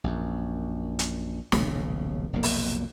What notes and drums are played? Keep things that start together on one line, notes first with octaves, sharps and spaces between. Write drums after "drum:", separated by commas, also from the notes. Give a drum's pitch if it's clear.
A#1 F#2
drum: hi-hat
D#1 B1 A2 C#3, drum: snare
F1 B1 A#2 A#3
drum: open hi-hat